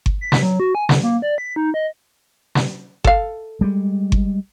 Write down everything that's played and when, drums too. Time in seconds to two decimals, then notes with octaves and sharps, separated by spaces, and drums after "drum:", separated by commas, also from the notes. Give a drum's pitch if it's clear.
0.06 drum: kick G1
0.21 B6
0.32 drum: snare
0.43 F#3
0.60 F#4
0.75 G#5
0.89 D3, drum: snare
1.03 A#3
1.22 D5
1.38 B6
1.56 D#4
1.74 D#5
2.55 drum: snare
3.04 A4 F5, drum: kick G1
3.61 G3 G#3
4.12 drum: kick G1